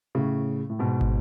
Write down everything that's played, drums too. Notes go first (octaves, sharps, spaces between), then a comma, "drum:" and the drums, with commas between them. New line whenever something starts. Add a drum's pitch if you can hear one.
A2 C#3
A2
G#2 B2
drum: kick